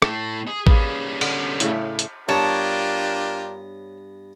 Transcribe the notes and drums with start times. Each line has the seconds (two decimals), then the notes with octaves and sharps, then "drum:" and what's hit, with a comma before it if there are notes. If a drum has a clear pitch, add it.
0.02 A2 A3, drum: rim click
0.48 G#4
0.67 G3 A#3 C#4 G#4 B4, drum: kick A1
1.21 D3, drum: cymbal
1.60 A2 C#3 A3, drum: hi-hat
1.99 drum: hi-hat
2.29 G2 B3 D4 F4 G4 A#4 C#5 A5